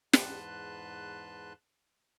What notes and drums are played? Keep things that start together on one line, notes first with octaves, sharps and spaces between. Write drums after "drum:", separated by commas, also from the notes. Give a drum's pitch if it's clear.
E2 G#2 B4 A5 C6 F#6, drum: snare